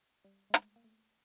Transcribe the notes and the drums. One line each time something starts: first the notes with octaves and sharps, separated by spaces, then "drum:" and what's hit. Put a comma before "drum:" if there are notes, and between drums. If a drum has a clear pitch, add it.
G3
G#3
A3, drum: hi-hat
A#3
A3